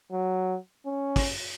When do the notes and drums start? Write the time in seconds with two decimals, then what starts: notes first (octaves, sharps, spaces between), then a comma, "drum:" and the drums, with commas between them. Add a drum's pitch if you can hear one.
0.12 F#3
0.86 C#4
1.16 drum: kick, open hi-hat